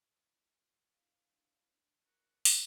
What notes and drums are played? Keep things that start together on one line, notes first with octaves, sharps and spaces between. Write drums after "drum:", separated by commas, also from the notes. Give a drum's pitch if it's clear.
E4
D4 E4 C5 F5
F#4 A#4 C5 D5 D6
drum: open hi-hat